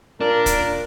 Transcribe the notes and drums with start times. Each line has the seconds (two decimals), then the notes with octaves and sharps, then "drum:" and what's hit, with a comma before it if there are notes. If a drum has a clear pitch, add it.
0.20 A#2 D4 A#4
0.46 drum: kick, hi-hat